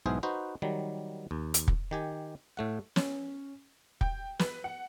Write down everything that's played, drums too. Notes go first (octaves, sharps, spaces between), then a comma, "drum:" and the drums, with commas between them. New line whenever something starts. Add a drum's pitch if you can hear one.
B1 G#2 B3 E4 G#4 C5
D#4 F#4 B4 C5
D#3 F#3 G3
D#2
drum: hi-hat
drum: kick
D#3 G4 G#5
A2 A3 F#5
C#4, drum: snare
G5, drum: kick
B4, drum: snare
F#5